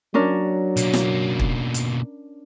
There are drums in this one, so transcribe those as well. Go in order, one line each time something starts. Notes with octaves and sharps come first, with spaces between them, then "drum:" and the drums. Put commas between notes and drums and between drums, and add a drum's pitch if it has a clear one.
F#3 C#4 D4 A#4
B2 A#3, drum: hi-hat
drum: snare
drum: kick
drum: hi-hat